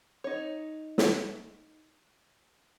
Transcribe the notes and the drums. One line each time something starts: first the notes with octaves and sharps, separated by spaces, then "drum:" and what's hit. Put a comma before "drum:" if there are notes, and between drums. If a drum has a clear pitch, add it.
D#4 C#5
drum: snare